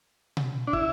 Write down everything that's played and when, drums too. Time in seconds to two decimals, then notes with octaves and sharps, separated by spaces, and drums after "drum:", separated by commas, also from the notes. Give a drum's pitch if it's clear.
0.37 drum: tom B2
0.67 D4
0.73 E4, drum: kick